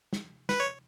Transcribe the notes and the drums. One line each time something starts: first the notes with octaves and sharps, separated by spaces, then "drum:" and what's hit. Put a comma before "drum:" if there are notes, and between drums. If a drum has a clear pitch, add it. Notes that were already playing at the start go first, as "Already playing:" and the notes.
drum: snare
B4, drum: snare
C#5